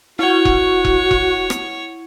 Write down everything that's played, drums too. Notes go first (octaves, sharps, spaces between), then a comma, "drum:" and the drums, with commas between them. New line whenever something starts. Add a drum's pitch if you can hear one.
E4 F#4 C#5 F#5
drum: kick E1
drum: kick E1
drum: kick E1
drum: rim click